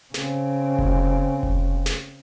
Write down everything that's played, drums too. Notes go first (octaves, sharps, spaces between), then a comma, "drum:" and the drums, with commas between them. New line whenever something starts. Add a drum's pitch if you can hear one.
C#3 C4, drum: snare
drum: kick F1
drum: kick F1
drum: snare